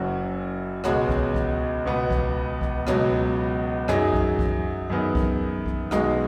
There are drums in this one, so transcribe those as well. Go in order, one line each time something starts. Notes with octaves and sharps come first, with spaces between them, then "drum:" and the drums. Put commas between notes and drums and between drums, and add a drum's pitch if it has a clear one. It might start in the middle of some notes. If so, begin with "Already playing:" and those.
Already playing: F#1 F#2 F#3 C#4 F#4
C#2 B2 G#3 C#4 F#4, drum: rim click
drum: kick B1
drum: kick B1
C#2 B2 B3
drum: kick B1
drum: kick B1
C#2 B2 F#3 B3, drum: rim click
F#2 F#3 D#4 G#4, drum: rim click
drum: kick B1
drum: kick B1
F#2 D#3 B3 G#4
drum: kick B1
drum: kick B1
B1 B2 G#3 D#4 F#4, drum: rim click